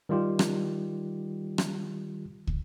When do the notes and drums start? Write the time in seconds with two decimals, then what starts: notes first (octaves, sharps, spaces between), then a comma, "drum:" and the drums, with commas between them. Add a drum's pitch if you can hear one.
0.09 D#3 G3 F4 G4
0.39 drum: rim click
1.58 drum: rim click
2.47 drum: kick